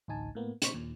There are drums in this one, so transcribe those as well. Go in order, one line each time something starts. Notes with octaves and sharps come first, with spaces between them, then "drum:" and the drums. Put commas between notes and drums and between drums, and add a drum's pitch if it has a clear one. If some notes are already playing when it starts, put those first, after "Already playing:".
A1 D2 D#4 G#5 A5
A2 A#3 B3
A#2 C#3 D#4 C5 C#6 B6, drum: hi-hat
D#2 A#2